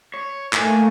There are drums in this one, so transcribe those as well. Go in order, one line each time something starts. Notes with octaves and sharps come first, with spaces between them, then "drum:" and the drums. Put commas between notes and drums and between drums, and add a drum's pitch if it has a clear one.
C#5
G#2 A3 A#3 G#5, drum: clap